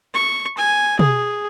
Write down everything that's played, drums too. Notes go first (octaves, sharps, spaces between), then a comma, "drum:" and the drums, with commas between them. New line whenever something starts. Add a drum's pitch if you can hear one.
C#6
G#5
G#4, drum: tom